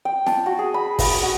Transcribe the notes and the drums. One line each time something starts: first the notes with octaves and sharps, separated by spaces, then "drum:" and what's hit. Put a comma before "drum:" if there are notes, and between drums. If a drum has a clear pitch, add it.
G5
A5, drum: snare
F#4
G#4
B5
B5, drum: kick, open hi-hat
F#4